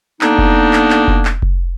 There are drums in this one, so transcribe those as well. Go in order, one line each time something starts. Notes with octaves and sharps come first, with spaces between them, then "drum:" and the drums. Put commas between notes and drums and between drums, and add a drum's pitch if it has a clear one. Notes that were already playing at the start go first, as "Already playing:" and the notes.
D3 A#3 B3 D4 D#4, drum: clap
drum: kick F1
drum: clap
drum: clap
drum: kick F1
drum: clap
drum: kick F1